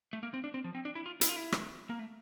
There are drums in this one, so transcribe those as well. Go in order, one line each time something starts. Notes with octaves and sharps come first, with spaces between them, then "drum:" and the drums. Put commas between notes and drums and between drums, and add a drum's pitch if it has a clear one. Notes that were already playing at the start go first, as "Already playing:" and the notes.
A3
A#3
C4
D4
C4
F3
C4
D4
E4
F4
E4, drum: hi-hat
F4
E4
drum: rim click
A#3
A3